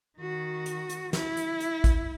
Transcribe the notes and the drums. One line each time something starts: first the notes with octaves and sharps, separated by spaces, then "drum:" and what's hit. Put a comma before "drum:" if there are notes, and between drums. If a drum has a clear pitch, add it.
D#3 F#4
drum: hi-hat
drum: hi-hat
E4, drum: snare
drum: hi-hat
drum: hi-hat
drum: kick A1, hi-hat